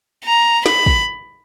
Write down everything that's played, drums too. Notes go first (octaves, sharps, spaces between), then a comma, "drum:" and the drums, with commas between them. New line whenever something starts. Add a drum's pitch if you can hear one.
A#5
B5, drum: snare
drum: kick